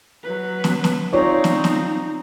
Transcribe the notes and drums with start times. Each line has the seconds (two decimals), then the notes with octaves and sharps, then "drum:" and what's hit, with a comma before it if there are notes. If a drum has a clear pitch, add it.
0.24 F#3 B4
0.64 drum: snare
0.84 drum: snare
1.13 C4 D#4 F4 C#5 D5
1.44 drum: snare
1.64 drum: snare